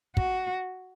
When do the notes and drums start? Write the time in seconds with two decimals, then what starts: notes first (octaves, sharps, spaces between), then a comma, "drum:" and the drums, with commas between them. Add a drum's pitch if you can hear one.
0.17 F#4, drum: kick